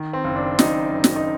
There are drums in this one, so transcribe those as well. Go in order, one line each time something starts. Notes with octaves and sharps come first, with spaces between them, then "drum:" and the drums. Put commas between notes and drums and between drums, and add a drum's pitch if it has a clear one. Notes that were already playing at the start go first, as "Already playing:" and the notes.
Already playing: D#3
C4
F#1
D4
F#2 D#4, drum: snare
F#1
drum: snare
D#4